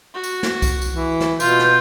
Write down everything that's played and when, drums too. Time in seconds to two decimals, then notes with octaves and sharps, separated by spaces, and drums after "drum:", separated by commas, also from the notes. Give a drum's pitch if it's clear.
0.14 F#4
0.24 drum: tambourine
0.43 drum: snare
0.62 drum: kick C2, tambourine
0.82 drum: tambourine
0.92 E3
1.20 drum: snare
1.40 B2 F4 G6, drum: tambourine
1.59 drum: snare